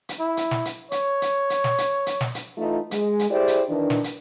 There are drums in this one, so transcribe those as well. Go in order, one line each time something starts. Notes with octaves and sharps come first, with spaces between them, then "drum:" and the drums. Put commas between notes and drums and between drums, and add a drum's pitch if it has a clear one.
drum: hi-hat
E4
drum: hi-hat
drum: snare
drum: hi-hat
C#5, drum: hi-hat
drum: hi-hat
drum: hi-hat
drum: snare
drum: hi-hat
drum: hi-hat
drum: snare
drum: hi-hat
E3 A3 D#4 F4
G#3, drum: hi-hat
drum: hi-hat
E4 G4 G#4 C5 D5
drum: hi-hat
D#3 E3 D4
drum: snare
drum: hi-hat